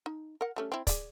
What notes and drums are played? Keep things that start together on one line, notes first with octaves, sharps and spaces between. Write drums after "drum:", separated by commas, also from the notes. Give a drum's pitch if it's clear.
D#4
A#4 F#5
G3 A3 C#4
C4 E4
G#4 D5, drum: kick, hi-hat